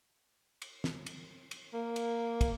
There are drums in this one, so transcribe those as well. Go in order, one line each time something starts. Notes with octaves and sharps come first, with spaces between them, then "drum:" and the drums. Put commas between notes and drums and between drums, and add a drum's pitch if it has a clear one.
drum: cymbal
drum: snare
drum: cymbal
drum: cymbal
A#3
drum: cymbal
drum: kick, cymbal